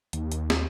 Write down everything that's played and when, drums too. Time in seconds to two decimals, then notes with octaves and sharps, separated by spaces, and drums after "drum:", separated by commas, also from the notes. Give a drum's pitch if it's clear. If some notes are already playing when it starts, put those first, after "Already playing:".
0.13 D#2, drum: hi-hat
0.32 drum: hi-hat
0.50 drum: snare